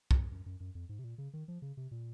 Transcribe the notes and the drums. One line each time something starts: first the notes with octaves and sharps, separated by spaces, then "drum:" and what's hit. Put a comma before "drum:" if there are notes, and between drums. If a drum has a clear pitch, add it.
F#2, drum: kick
F2
F#2
F#2
F#2
F2
G#2
C3
A#2
C#3
D#3
F3
C#3
C3
A#2